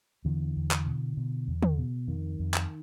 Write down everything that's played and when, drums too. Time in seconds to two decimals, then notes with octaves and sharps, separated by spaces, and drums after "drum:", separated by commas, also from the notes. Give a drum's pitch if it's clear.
0.25 E2 D3 E3
0.56 E2
0.71 drum: clap
0.86 B2
1.17 B2
1.48 E2
1.63 drum: tom
1.78 B2
2.08 F2 D#3
2.39 F2
2.54 drum: clap